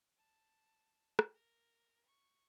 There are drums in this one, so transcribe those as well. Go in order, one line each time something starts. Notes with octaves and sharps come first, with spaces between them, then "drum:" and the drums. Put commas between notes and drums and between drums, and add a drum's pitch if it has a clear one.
A5
drum: rim click
A#4
C#6